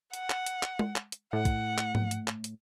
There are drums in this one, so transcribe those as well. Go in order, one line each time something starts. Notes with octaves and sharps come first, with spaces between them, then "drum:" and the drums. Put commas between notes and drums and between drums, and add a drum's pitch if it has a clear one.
F#5, drum: hi-hat
drum: clap
drum: hi-hat
drum: clap
drum: tom G#3
drum: clap
drum: hi-hat
A2 F#5
drum: kick, hi-hat
drum: clap
drum: tom G#2
drum: hi-hat
drum: clap
drum: hi-hat